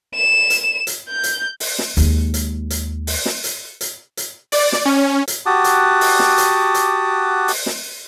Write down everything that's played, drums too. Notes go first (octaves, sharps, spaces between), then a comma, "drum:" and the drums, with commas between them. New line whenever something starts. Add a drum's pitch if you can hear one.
E7
drum: hi-hat
drum: hi-hat
G6
drum: hi-hat
drum: open hi-hat
drum: snare
D#2 G#3, drum: hi-hat
drum: hi-hat
drum: hi-hat
drum: open hi-hat
drum: snare
drum: hi-hat
drum: hi-hat
drum: hi-hat
D5, drum: open hi-hat
drum: snare
C#4
drum: hi-hat
F#4 G4 F#5 A5 D6 D#6
drum: hi-hat
drum: open hi-hat
drum: snare
drum: hi-hat
drum: hi-hat
drum: open hi-hat
drum: snare